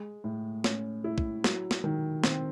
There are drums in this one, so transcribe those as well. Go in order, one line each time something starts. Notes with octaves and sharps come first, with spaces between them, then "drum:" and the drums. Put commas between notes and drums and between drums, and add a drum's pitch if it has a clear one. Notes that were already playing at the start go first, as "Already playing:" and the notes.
Already playing: G#3
A2
C#4, drum: snare
E4
drum: kick
F#3, drum: snare
drum: snare
D#3
C4, drum: snare